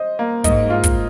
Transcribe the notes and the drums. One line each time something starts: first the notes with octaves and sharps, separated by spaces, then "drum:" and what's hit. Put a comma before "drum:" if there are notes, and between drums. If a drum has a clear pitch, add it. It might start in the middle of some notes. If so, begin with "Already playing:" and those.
Already playing: C5 D#5
A#3
G#2 D#5, drum: kick, hi-hat
F4
drum: kick, hi-hat